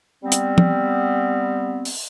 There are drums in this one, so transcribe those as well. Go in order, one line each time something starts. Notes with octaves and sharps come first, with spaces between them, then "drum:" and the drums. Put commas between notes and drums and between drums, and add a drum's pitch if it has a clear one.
G3 B3 C4
drum: hi-hat
drum: tom
drum: open hi-hat